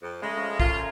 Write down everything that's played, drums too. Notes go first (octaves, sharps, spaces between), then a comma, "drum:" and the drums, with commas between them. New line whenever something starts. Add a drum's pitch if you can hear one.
F2
C#3 G#3 A3
F3 C#4
A3 F4 A#4 G#5, drum: kick
A#5